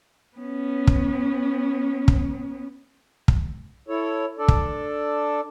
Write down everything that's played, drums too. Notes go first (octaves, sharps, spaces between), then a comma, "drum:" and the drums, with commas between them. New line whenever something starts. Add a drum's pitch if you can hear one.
B3 C#4
drum: kick
drum: kick
drum: kick
E4 A4 C#5
D4 A4 D5
drum: kick